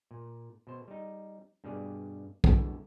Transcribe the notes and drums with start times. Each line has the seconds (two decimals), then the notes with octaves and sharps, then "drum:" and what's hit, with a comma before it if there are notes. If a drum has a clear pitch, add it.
0.11 A#2
0.67 B2 C5
0.88 G3 D#4
1.64 G2 B2 G3 G#4 D5
2.44 E2 B2 D3, drum: kick